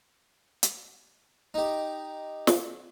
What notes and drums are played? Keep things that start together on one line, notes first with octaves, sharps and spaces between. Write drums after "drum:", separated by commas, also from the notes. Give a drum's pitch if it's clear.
drum: hi-hat
D#4 G4
drum: snare